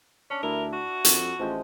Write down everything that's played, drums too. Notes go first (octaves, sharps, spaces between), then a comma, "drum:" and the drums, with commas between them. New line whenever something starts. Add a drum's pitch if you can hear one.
C#4 D4
D2 E4 A#4
F#4
F2, drum: hi-hat
A1 F3 G#3 G5